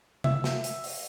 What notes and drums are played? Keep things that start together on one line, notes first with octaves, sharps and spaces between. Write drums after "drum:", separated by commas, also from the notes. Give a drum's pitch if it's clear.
E5, drum: tom C3
drum: snare
drum: hi-hat
drum: open hi-hat